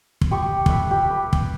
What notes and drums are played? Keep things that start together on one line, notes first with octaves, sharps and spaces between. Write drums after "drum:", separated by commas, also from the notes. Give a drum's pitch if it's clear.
drum: kick
G4 C#6 D#6
B4 E5, drum: kick
G4
B4
drum: kick